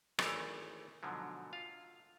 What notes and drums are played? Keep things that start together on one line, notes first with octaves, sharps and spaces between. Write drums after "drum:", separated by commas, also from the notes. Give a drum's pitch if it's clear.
G#1 E3 A3 A4 C#5 D5, drum: rim click
G#2 B2 D3 F3 F#3
F4 F5